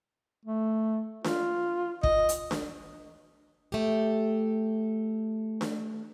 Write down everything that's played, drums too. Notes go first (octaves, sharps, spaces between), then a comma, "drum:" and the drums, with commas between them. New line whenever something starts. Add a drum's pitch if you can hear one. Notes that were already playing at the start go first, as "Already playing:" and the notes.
A3
F4, drum: snare D4
D#5, drum: kick
drum: hi-hat
drum: snare D4
A3 G4
drum: snare D4